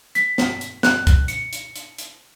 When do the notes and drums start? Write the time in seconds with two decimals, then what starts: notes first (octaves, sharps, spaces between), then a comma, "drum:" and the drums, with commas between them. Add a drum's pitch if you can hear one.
0.15 B6, drum: hi-hat
0.38 drum: snare
0.61 drum: hi-hat
0.83 F#6, drum: snare
1.07 drum: kick, hi-hat
1.28 C#7, drum: hi-hat
1.53 drum: hi-hat
1.76 drum: hi-hat
1.98 drum: hi-hat